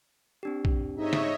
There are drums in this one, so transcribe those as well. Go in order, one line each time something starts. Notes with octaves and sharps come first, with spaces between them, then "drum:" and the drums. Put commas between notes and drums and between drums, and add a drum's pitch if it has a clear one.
C4 D4 G4
drum: kick A#1
G#2 D#4 C#5 D#5 E5
drum: snare